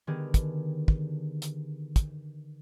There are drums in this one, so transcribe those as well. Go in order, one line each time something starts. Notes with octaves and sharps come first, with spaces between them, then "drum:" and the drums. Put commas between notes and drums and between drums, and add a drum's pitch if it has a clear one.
D3 D#3 B3 G4 G#4
drum: kick, hi-hat
drum: kick
drum: hi-hat
drum: kick, hi-hat